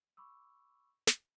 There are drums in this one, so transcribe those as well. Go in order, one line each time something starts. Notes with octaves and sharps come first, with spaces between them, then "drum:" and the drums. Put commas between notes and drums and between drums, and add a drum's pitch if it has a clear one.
B5 C#6 D6 E6
drum: snare